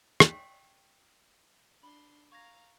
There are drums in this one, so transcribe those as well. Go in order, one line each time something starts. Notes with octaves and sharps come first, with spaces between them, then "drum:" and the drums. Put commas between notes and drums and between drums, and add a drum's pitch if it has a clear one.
G5 B6, drum: rim click
D4 B5 C6
F5 A#5 C#6 G#6 A#6